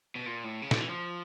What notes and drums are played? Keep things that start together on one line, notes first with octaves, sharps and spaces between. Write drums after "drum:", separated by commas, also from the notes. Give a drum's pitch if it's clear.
B2
A#2
A2
C#3
D3, drum: snare
E3
F3